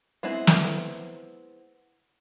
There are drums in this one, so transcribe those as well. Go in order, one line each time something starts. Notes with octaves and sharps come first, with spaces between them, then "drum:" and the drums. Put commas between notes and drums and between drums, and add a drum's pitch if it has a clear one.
G#3 B3 C4 E4
drum: snare